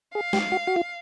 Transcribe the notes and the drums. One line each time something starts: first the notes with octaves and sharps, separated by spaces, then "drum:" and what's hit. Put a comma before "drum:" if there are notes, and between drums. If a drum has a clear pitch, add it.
G#4 F5
G4, drum: snare
F#4
F#4
F4